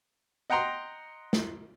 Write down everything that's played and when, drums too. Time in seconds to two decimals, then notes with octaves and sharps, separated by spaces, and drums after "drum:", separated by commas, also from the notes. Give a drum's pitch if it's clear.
0.50 D#5 F#5 G5 A#5 C6
1.33 drum: snare